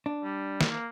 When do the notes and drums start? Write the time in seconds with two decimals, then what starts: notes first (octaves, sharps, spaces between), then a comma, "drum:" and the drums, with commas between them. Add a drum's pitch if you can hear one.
0.06 D4
0.24 G3
0.61 drum: snare
0.70 A#3